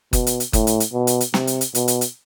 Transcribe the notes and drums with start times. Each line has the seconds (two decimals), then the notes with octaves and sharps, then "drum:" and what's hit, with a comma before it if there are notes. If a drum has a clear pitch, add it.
0.13 B2, drum: kick F#1, hi-hat
0.27 drum: hi-hat
0.40 drum: hi-hat
0.53 A2, drum: kick F#1, hi-hat
0.67 drum: hi-hat
0.80 drum: hi-hat
0.93 B2
1.07 drum: hi-hat
1.21 drum: hi-hat
1.34 C3, drum: snare
1.47 drum: hi-hat
1.61 drum: hi-hat
1.75 B2, drum: hi-hat
1.88 drum: hi-hat
2.01 drum: hi-hat